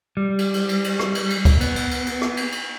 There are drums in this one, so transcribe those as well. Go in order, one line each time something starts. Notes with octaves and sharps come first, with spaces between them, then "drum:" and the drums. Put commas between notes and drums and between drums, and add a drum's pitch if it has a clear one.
G3
drum: cymbal
drum: cymbal
drum: cymbal
drum: cymbal
drum: rim click
drum: cymbal
drum: cymbal
drum: kick C#2, cymbal
B3, drum: cymbal
drum: cymbal
drum: cymbal
drum: cymbal
drum: rim click
drum: cymbal
drum: cymbal